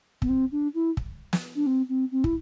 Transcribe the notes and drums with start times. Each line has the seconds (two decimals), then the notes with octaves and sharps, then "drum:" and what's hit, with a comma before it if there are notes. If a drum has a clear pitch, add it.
0.22 B3, drum: kick
0.29 C4
0.52 D4
0.74 E4
0.97 drum: kick
1.33 drum: snare
1.55 D4
1.66 C4
1.89 C4
2.11 C4
2.24 E4, drum: kick